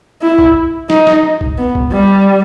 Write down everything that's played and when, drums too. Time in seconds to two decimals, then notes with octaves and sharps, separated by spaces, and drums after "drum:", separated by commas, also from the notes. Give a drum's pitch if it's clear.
0.22 E4
0.38 drum: kick
0.90 D#4, drum: snare
1.07 drum: snare
1.41 drum: kick
1.58 B3
1.75 drum: kick
1.92 G3